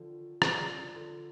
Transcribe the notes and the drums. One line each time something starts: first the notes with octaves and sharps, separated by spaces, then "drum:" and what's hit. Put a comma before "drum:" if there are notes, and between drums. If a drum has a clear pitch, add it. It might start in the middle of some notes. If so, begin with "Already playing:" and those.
Already playing: D3 D#3 F3
D3 F3 D4, drum: rim click
D3 F3